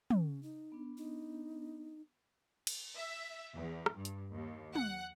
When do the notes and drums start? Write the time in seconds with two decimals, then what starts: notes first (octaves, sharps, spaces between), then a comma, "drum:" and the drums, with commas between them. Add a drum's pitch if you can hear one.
0.10 C#4, drum: tom
0.43 D#4
0.72 B3 D4
0.97 D#4
2.67 drum: cymbal
2.96 E5
3.55 E2
3.86 drum: rim click
3.95 G2
4.05 drum: hi-hat
4.31 D#2
4.75 F#5, drum: tom